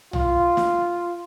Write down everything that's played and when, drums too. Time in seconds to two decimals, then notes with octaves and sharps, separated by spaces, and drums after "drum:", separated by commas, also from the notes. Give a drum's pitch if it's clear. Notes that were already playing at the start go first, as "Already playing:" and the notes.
0.13 F4, drum: tom
0.57 drum: snare